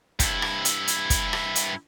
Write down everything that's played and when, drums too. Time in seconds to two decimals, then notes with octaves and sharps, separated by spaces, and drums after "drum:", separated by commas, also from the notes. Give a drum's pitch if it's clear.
0.20 G2 E4, drum: kick, hi-hat
0.42 drum: rim click
0.65 drum: hi-hat
0.88 drum: hi-hat
1.10 drum: kick, hi-hat
1.33 drum: rim click
1.55 drum: hi-hat